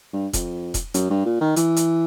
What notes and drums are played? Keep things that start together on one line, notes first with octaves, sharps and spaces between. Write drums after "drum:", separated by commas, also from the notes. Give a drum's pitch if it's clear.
G2
F2, drum: kick E1, hi-hat
drum: kick E1, hi-hat
F#2, drum: hi-hat
G2
A#2
D#3
E3, drum: hi-hat
drum: hi-hat